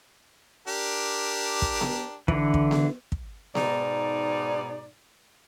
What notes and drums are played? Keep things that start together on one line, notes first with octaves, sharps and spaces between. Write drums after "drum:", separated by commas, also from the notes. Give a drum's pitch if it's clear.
D4 G4 A#4
drum: kick
drum: snare B3
D3 E3, drum: kick
drum: kick
drum: snare B3
drum: kick
G#2 B2 D#4 D5, drum: snare B3